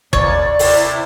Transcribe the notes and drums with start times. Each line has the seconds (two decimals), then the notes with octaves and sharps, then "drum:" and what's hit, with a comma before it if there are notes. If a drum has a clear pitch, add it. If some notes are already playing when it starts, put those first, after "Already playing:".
0.13 D#2 C#5 D5 A6, drum: kick
0.59 C3 E4, drum: open hi-hat